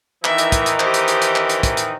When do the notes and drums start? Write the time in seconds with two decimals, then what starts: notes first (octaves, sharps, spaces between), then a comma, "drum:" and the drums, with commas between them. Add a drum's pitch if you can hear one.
0.24 D#3 E3 D#4 E5, drum: clap
0.38 drum: hi-hat
0.52 drum: kick, hi-hat
0.66 drum: hi-hat
0.80 G4 C5, drum: clap
0.94 drum: hi-hat
1.08 drum: hi-hat
1.22 drum: hi-hat
1.36 drum: clap
1.49 drum: hi-hat
1.63 drum: kick, hi-hat
1.77 drum: hi-hat